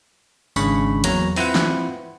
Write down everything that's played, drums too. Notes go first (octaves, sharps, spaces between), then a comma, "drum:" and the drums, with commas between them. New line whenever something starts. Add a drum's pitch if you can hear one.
G#1 C#3 G#3 D4 B5 C#6, drum: tambourine
E2 F#3 A#3 C#5 A#5, drum: hi-hat
C4 E4 F4 B4 F#5, drum: open hi-hat
drum: snare